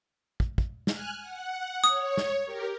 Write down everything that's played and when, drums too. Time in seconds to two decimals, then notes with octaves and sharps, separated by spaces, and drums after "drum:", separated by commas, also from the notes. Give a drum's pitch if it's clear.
0.40 drum: kick
0.58 drum: kick
0.87 G#5 F6 F#6, drum: snare
1.21 F#5
1.84 C#5 D#6, drum: hi-hat
2.17 drum: snare
2.45 G4 A#4